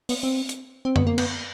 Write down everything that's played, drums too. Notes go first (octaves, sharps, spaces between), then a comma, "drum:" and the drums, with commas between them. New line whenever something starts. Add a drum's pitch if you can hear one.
B3, drum: open hi-hat
C4
drum: hi-hat
C4
B3, drum: tom F#2
A#3
B3, drum: cymbal